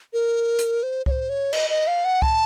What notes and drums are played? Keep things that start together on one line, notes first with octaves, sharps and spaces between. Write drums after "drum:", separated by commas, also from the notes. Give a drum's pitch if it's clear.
A#4
drum: hi-hat
C5
C#5, drum: kick C2
C5
C#5
D#5, drum: cymbal
D#5
F5
F#5
A5, drum: kick C2